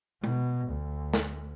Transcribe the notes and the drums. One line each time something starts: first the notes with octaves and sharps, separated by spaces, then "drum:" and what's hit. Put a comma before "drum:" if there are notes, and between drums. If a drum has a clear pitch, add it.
B2, drum: tom G#3
D2
drum: snare